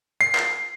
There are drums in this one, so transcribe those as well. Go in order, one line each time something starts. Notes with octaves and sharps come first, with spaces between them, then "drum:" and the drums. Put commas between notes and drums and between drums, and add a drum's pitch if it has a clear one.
C7
drum: clap